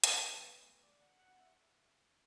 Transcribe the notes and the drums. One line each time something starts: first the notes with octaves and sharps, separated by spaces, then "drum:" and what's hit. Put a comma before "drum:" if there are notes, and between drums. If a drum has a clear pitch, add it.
D3 B4, drum: hi-hat
E2
E2
A3
D3 D5
D3 F#5
E2 F#5
E5